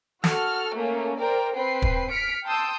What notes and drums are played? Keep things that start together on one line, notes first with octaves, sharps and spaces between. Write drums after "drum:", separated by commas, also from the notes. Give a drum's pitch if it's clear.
F#4 A4 F6, drum: snare
A3 A#3 C#4
A#4 C5 D5 G5
C4 B4 G5 C7
drum: kick
F6 B6 C#7 D7
G5 A5 C6 D#6 E6 G6